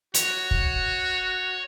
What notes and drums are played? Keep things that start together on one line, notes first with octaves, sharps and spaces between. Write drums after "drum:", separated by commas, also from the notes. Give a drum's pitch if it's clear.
F#4 C#5, drum: hi-hat
drum: kick